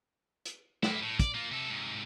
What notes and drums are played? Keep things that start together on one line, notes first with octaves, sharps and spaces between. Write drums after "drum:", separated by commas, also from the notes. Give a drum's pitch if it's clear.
drum: hi-hat
A#3 E4, drum: snare
A2
D5, drum: kick, hi-hat
A#3 F4
C3 A4
G#2 C3